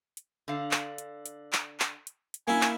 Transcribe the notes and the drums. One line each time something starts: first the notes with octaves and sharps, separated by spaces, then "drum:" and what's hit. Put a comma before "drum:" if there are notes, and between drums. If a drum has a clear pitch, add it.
drum: hi-hat
D3 F5
drum: clap
drum: hi-hat
drum: hi-hat
drum: clap
drum: clap
drum: hi-hat
drum: hi-hat
A#3 C#4 E4 G#5
drum: clap